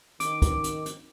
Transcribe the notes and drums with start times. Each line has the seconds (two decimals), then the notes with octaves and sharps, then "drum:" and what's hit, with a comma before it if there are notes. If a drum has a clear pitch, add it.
0.20 D#3 D6, drum: hi-hat
0.42 drum: kick, hi-hat
0.64 drum: hi-hat
0.86 drum: hi-hat